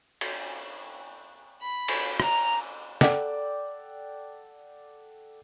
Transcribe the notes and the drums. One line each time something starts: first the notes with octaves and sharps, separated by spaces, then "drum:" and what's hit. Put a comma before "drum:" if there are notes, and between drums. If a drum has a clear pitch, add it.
drum: cymbal
B5
drum: cymbal
A#5, drum: rim click
A4 D5 F#5 G5 D6, drum: snare